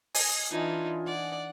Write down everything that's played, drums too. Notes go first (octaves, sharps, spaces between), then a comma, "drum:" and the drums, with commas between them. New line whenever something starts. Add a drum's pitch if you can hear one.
D#5 G#5, drum: open hi-hat
E3 D4 D#4 F4
D5 F#5